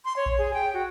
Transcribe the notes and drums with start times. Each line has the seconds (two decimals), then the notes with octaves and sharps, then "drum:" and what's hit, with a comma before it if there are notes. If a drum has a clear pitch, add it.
0.05 C6
0.17 C#5
0.26 drum: kick A#1
0.38 G#4
0.54 G5
0.74 F#4